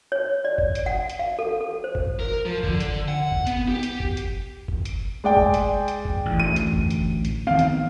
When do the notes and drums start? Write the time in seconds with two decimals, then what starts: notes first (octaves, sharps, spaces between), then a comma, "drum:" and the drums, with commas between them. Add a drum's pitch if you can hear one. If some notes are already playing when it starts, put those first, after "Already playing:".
0.12 C#5
0.45 D5
0.58 drum: kick F#1
0.75 drum: hi-hat
0.86 F#5
1.10 drum: hi-hat
1.19 F5
1.39 A4
1.61 A4
1.84 C5
1.95 drum: kick F#1
2.20 A#4
2.46 F3
2.63 D3, drum: kick F#1
2.80 drum: hi-hat
3.08 F#5
3.32 drum: kick F#1
3.47 B3, drum: hi-hat
3.68 G4
3.83 drum: hi-hat
4.00 drum: kick F#1
4.17 drum: hi-hat
4.68 drum: kick F#1
4.85 drum: hi-hat
5.24 G#3 D5 G5
5.37 drum: kick F#1
5.54 drum: hi-hat
5.88 drum: hi-hat
6.05 drum: kick F#1
6.25 A1 D2
6.40 D#7
6.56 drum: hi-hat
6.73 drum: kick F#1
6.90 drum: hi-hat
7.25 drum: hi-hat
7.47 D#3 B3 C4 F5
7.59 drum: hi-hat